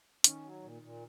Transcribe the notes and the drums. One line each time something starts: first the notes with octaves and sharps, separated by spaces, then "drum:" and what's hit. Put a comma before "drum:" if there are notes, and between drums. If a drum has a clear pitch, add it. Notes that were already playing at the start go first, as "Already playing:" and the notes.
D#3 C#4, drum: hi-hat
F#3
A#2
A#2